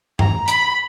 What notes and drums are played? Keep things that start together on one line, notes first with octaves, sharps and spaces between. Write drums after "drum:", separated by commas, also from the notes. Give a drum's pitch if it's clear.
A#5, drum: tom G2
B5, drum: hi-hat